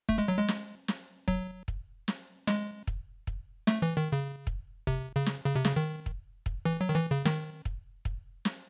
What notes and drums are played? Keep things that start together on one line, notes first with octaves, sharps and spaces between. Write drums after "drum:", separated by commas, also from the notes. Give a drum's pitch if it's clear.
A3, drum: kick
G#3
F#3
G#3
drum: snare
drum: snare
F#3, drum: kick
drum: kick
drum: snare
G#3, drum: snare
drum: kick
drum: kick
A3, drum: snare
E3
D#3
C#3
drum: kick
C3, drum: kick
C#3
drum: snare
C#3
C3
C#3, drum: snare
D#3
drum: kick
drum: kick
E3
F#3
D#3
E3
C#3
D#3, drum: snare
drum: kick
drum: kick
drum: snare